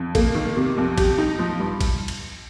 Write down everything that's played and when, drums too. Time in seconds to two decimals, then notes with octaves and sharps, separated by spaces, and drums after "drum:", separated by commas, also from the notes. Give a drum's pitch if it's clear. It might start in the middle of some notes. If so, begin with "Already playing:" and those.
Already playing: F2
0.15 A#3, drum: kick, cymbal
0.35 D#3
0.56 C3
0.78 F2
0.98 G4, drum: kick, cymbal
1.18 D#4
1.39 F3
1.60 G2
1.81 drum: kick, cymbal
2.08 drum: cymbal